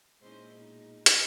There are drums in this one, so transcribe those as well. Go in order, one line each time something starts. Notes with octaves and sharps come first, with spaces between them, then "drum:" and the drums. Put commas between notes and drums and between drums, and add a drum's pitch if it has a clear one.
A#2 G#3 C#4 D#4 E4 C5 D#5
B2 C#4 D#4
drum: hi-hat